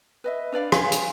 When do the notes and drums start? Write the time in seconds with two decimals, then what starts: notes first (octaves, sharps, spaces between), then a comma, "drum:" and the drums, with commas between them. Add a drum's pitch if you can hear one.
0.24 B4 D#5 E5
0.52 D4 B4 D5 F5
0.72 G4 C#5 F5 G#5, drum: rim click
0.92 drum: hi-hat